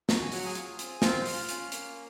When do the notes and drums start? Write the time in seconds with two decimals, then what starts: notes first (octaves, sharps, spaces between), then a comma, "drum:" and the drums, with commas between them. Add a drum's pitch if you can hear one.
0.09 F#4 A#5, drum: snare
0.22 G#5
0.32 F#3 F#5, drum: open hi-hat
0.45 G#4 G#5
0.55 F4, drum: hi-hat
0.79 C4, drum: hi-hat
1.02 C4 F4 F5, drum: snare
1.25 F4, drum: open hi-hat
1.49 C#4, drum: hi-hat
1.72 A#3, drum: hi-hat